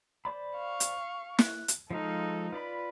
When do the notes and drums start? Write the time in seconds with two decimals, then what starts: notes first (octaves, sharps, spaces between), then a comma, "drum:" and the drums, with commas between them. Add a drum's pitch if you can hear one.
0.25 C5 D5 B5
0.56 F5 C#6
0.80 drum: hi-hat
1.39 F#6, drum: snare
1.68 drum: hi-hat
1.91 F3 G#3 D#4 A4 F5
2.52 F4 B4 D5 B5